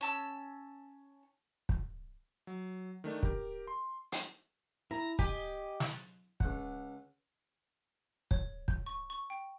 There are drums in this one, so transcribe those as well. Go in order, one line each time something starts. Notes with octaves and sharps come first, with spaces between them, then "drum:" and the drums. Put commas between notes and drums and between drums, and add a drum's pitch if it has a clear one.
C#4 A5 E6
drum: kick
F#3
D#3 A3 D4
G4 A#4, drum: kick
C6
drum: hi-hat
E4 A#5
G4 D#5 G#5, drum: kick
drum: snare
C#2 F#5, drum: kick
C#5, drum: kick
G6, drum: kick
C#6
C#6
G5